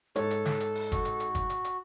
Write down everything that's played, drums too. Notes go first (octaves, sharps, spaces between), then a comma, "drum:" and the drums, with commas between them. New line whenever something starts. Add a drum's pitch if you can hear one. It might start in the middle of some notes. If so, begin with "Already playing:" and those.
G#2 A4 C#5, drum: hi-hat
drum: hi-hat
drum: snare
drum: hi-hat
drum: open hi-hat
F#4, drum: kick, hi-hat
drum: hi-hat
drum: hi-hat
drum: kick, hi-hat
drum: hi-hat
drum: hi-hat